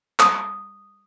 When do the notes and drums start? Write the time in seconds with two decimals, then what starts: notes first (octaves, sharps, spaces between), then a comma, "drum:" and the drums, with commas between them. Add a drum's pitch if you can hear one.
0.20 D#6, drum: clap